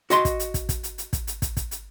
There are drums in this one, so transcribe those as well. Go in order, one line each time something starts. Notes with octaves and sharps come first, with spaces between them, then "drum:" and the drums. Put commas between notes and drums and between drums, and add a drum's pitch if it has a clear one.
F#4 D#5 C6, drum: hi-hat
drum: kick, hi-hat
drum: hi-hat
drum: kick, hi-hat
drum: kick, hi-hat
drum: hi-hat
drum: hi-hat
drum: kick, hi-hat
drum: hi-hat
drum: kick, hi-hat
drum: kick, hi-hat
drum: hi-hat